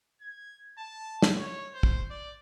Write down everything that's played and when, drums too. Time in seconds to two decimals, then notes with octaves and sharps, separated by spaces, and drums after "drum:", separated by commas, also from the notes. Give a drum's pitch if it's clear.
0.21 G#6
0.78 A5
1.22 drum: snare
1.39 C#5
1.74 C5
1.83 drum: kick
2.10 D5